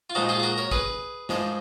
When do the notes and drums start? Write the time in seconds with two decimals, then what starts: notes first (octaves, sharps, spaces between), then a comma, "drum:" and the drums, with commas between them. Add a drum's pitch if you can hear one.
0.10 F4
0.15 A#2 F3 G#3 D#4 F#4
0.29 F4 G#4
0.40 G#4
0.43 F#4 A#4
0.58 A#4 C#5
0.71 G#4 B4, drum: kick
1.29 G#2 F3 G#3, drum: snare